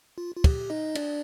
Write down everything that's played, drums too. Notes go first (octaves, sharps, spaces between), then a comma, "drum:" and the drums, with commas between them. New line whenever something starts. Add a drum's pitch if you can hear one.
F4
F4
G4, drum: kick, cymbal
D#4 D#5
D4 D5, drum: cymbal